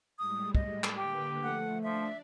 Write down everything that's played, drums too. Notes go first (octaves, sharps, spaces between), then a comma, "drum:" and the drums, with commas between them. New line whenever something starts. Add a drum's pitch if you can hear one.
A2 G3 G#3 D#6
D#5, drum: kick
drum: clap
D3 A#3 G4 B4 G5
F3 A3 F#5
F3 D4 D5 E5